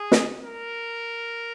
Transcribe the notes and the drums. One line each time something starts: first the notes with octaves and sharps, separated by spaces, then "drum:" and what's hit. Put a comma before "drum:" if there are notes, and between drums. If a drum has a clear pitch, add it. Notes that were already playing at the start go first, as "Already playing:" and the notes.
Already playing: G#4
drum: snare
A#4